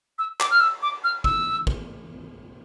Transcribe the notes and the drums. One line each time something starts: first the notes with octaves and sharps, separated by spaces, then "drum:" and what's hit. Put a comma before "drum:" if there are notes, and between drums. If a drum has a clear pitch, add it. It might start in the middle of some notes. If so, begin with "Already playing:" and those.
E6
D6, drum: clap
F6
E6
D6
F6
E6, drum: kick
drum: kick